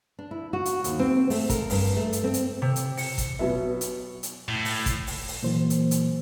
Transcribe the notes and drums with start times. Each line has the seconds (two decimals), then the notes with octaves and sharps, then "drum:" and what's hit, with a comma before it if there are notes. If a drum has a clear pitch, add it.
0.19 D4
0.31 E4
0.53 F#4
0.65 drum: hi-hat
0.84 D#2, drum: hi-hat
0.99 C4
1.30 A3, drum: open hi-hat
1.50 A#4, drum: kick, hi-hat
1.70 G2, drum: open hi-hat
1.97 A3
2.13 drum: hi-hat
2.24 C4
2.34 drum: hi-hat
2.62 C3
2.76 drum: hi-hat
2.97 C#7, drum: open hi-hat
3.18 drum: kick, hi-hat
3.39 B2 F#3 B3 E5
3.81 drum: hi-hat
4.23 drum: hi-hat
4.48 A2
4.65 drum: open hi-hat
4.86 drum: kick, hi-hat
5.07 drum: open hi-hat
5.28 drum: open hi-hat
5.43 A#2 E3 F#3 A#3 C5
5.70 drum: hi-hat
5.91 drum: hi-hat